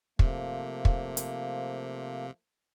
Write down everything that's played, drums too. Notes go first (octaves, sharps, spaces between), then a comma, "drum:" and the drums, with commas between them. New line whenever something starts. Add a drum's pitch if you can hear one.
C3 F3 A3 A#3, drum: kick
drum: kick
drum: hi-hat